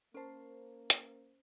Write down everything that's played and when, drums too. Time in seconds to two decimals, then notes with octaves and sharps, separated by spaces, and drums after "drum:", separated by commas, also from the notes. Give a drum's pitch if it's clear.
0.14 A#3 C#4 A#4 C5 A5
0.90 drum: hi-hat